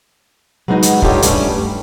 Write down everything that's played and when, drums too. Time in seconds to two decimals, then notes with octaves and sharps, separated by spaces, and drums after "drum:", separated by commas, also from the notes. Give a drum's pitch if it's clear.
0.68 F#3 G#3 B3 D4 D#4 F#4
0.82 drum: hi-hat
1.02 D4 D#4 F4 G4 A4 C#5, drum: kick
1.22 G2 G3 A3 C#4, drum: hi-hat
1.57 G2